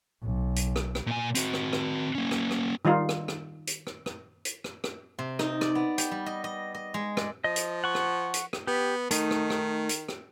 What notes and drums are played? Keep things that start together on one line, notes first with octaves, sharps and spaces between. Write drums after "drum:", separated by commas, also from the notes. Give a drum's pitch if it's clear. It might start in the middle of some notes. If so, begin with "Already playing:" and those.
B1
drum: hi-hat
drum: rim click
drum: rim click
A#2 G#5
C4 F#4, drum: hi-hat
drum: rim click
drum: rim click
A#3 C#4
drum: rim click
drum: rim click
D#3 G3 D#4 F4
drum: rim click
drum: rim click
drum: hi-hat
drum: rim click
drum: rim click
drum: hi-hat
drum: rim click
drum: rim click
C3
D#4, drum: rim click
D5, drum: rim click
B3
G4, drum: hi-hat
G3
D#5
D#5
D#5
G#3
D5, drum: rim click
F3 D#5
drum: hi-hat
F#5 C#6
drum: rim click
drum: hi-hat
drum: rim click
B3 G4
D#3 A3 D#4, drum: hi-hat
drum: rim click
drum: rim click
drum: hi-hat
drum: rim click